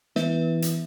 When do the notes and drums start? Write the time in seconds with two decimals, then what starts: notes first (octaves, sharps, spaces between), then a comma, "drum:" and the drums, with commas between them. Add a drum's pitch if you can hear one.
0.16 E3 B3 B4 E5, drum: snare
0.62 drum: hi-hat